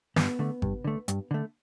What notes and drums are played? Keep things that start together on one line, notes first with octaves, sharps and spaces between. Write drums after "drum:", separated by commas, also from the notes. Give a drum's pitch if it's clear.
G2 B3, drum: snare
D3 A3
G2, drum: kick G#1
D3 A3
G2, drum: hi-hat
D3 A3